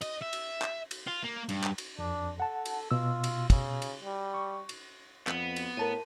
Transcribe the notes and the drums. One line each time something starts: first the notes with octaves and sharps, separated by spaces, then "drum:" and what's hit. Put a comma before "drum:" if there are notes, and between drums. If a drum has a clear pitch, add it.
D#5, drum: cymbal
E5
drum: cymbal
drum: clap
drum: cymbal
F4
A#3
G2, drum: cymbal
drum: clap
drum: cymbal
F2 D4
A4 F#5 A5
drum: cymbal
B2 F4 E6
drum: cymbal
C#3, drum: kick, cymbal
drum: cymbal
G3
C#6
drum: cymbal
F2 B3, drum: clap
drum: cymbal
A2 A#4 A5 D#7